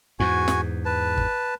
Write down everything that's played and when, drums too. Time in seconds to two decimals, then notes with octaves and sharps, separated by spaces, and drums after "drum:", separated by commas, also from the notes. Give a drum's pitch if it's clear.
0.20 E2 G#2 F#4 G#5
0.48 drum: snare
0.85 B4 A5
1.17 drum: kick